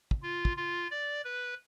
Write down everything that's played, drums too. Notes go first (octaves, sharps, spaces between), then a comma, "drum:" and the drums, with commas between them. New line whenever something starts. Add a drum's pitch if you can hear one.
drum: kick
F4
drum: kick
F4
D5
B4